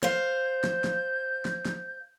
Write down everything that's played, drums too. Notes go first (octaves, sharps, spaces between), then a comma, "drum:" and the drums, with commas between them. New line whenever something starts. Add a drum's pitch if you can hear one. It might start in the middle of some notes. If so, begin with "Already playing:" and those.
C5 F5 G6, drum: snare
drum: snare
drum: snare
drum: snare
drum: snare